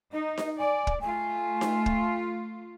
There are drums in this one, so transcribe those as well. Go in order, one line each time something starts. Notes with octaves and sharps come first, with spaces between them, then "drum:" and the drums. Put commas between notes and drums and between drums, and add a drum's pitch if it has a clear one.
D#4 D#5
drum: snare D#4
D5 G#5
drum: kick
A3 F4 G#5
drum: snare D#4
drum: kick